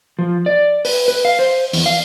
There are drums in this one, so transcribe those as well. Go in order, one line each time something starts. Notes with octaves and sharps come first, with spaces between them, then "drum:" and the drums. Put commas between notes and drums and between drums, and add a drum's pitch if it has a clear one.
F3
D5
B4, drum: open hi-hat
B4
F5
C5
E2, drum: open hi-hat
F5